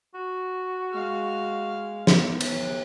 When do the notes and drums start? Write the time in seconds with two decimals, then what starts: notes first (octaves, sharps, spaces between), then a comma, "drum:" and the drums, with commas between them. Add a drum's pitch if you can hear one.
0.15 F#4
0.91 G#3 F5
2.07 B3, drum: snare
2.41 drum: cymbal